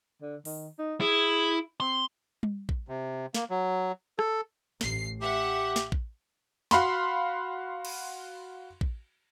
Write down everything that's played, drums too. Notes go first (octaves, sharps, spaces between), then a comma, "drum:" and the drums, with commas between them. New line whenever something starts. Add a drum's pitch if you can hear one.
D3
D#3, drum: open hi-hat
D#4
E4 G#4
C4 C6
drum: tom G3
drum: kick
C3
A#3, drum: snare
F#3
A4, drum: rim click
A1 C7, drum: snare
G4 E5 F#5
drum: snare
drum: kick
F#4 F5 B5 C6, drum: snare
drum: cymbal
drum: kick